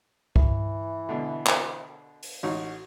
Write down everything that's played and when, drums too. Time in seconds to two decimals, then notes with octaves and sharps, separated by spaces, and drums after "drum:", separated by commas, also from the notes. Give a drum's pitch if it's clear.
0.36 E3, drum: kick C2
1.09 B2 D3
1.47 drum: clap
2.23 drum: open hi-hat
2.43 A1 D#4 F#4